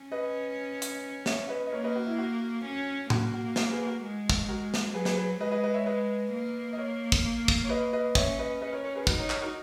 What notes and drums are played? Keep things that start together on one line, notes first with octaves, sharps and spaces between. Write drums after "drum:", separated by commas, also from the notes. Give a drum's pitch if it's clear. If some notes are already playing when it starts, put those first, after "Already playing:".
Already playing: C#4
B4 D#5
drum: hi-hat
C#5 E5, drum: snare
B4 D#5
D#5
A#3 A#4 C#5
B4 D#5
F#4
E4
F#4
C#4
A#3 F#4, drum: tom A2
F#4
F#4 A#4, drum: snare
G#4 B4
F#4 A#4
G#3
drum: kick
F#4 A#4
drum: snare
F#3 G#4 B4
G#4 B4, drum: snare
G#4 B4
G#3 B4 D#5
B4 D#5
B4 D#5
C#5 E5
B4 D#5
A#3
D#5
A#4 C#5
drum: kick
drum: kick
C#5
B4 D#5
B4 D#5
C#4 C#5 E5, drum: kick
B4 D#5
B4 D#5
A#4 C#5
A#4 C#5
G#4 B4
D#4 F#4 A#4, drum: kick
A#4 C#5
A#4 C#5, drum: clap
F#4 A#4